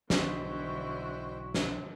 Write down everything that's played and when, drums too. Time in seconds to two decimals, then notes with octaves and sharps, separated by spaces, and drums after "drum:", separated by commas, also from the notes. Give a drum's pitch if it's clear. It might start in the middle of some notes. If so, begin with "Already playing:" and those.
0.10 B1 D3 E3 E4 F#4 C5 D#5 G5, drum: snare
1.54 drum: snare